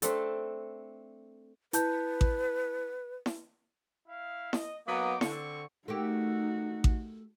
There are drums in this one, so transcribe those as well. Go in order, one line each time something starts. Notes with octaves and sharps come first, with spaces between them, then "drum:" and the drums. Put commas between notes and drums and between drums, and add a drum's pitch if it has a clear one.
A3 C4 D4 A4, drum: hi-hat
E4 B4 A5 G6, drum: hi-hat
drum: kick A1
drum: snare E4
E4 F5
D#5, drum: snare E4
F#3 A#3 B3 D#4 D6
D3 C4 C#6, drum: snare E4
A3 A#3 D#4 F#4 G4
drum: kick A1